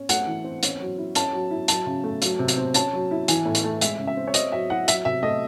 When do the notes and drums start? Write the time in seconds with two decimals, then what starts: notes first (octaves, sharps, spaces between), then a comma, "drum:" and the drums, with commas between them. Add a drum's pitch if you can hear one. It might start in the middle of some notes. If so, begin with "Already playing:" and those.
Already playing: C#4
0.09 A3 F#5, drum: hi-hat
0.27 E3
0.44 C4
0.63 C#4, drum: hi-hat
0.80 F#3
0.98 E4
1.15 C#4 A5, drum: hi-hat
1.33 F#3
1.51 E4
1.68 F#3 A5, drum: hi-hat
1.86 C#3
2.04 A3
2.22 F#3, drum: hi-hat
2.39 C3
2.48 drum: hi-hat
2.57 C4
2.74 C#4 A5, drum: hi-hat
2.93 F#3
3.11 E4
3.28 E3 G#5, drum: hi-hat
3.45 A2
3.55 drum: hi-hat
3.64 A3
3.81 G#3 E5, drum: hi-hat
3.99 C#3
4.07 E5
4.17 C4
4.28 C#5
4.34 C4 D#5, drum: hi-hat
4.52 F#3 E5
4.70 E4 F#5
4.88 F#3 E5, drum: hi-hat
5.05 C3 E5
5.23 A3 D#5